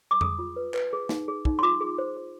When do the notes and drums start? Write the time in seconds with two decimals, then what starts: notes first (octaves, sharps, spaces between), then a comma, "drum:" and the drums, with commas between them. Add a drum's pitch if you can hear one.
0.11 D6
0.21 G#4 D#6, drum: tom F2
0.39 F4
0.56 B4
0.74 B4, drum: clap
0.93 G#4
1.09 D#4, drum: snare
1.28 G#4
1.45 D#4, drum: kick
1.59 C6
1.63 F4 D6
1.80 G#4
1.98 C5
2.17 C5